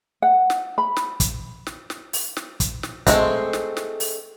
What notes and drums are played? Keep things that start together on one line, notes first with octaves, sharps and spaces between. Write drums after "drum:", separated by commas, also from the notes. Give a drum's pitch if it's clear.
F#5
drum: snare
B5
drum: snare
drum: kick, hi-hat
drum: snare
drum: snare
drum: open hi-hat
drum: snare
drum: kick, hi-hat
drum: snare
G#3 A3 C4, drum: kick, hi-hat
drum: snare
drum: snare
drum: open hi-hat